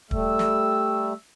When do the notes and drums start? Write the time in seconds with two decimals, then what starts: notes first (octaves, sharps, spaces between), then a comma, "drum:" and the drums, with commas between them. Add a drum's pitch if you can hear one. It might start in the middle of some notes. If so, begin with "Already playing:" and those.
0.11 G3 A3 E6, drum: kick
0.39 drum: snare